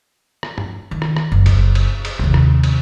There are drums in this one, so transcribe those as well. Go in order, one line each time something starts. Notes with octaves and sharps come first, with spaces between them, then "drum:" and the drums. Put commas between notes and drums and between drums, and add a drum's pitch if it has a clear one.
drum: rim click
drum: tom G2
D#3
drum: rim click
drum: rim click
F#1
drum: kick F#1, cymbal
drum: cymbal
drum: cymbal
D#2 C3, drum: kick F#1
drum: rim click
drum: cymbal